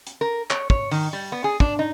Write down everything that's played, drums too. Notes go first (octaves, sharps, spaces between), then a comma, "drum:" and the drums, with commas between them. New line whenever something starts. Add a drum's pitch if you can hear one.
drum: hi-hat
A#4
C#5, drum: clap
C#5, drum: kick
D#3, drum: open hi-hat
G3
B3
G#4
D4, drum: kick
D#4